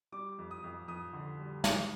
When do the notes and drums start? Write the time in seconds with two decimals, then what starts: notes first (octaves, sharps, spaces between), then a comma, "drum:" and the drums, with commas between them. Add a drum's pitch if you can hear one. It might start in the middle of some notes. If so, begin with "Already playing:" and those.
0.12 G3 D6
0.39 F2
0.51 D#6
0.64 F2
0.88 F2 D#6
1.13 D3
1.39 G3
1.64 G#2, drum: snare